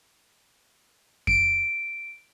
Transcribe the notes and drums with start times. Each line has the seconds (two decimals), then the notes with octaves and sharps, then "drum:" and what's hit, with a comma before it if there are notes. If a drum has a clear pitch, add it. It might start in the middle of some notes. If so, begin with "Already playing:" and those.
1.27 D7, drum: kick F2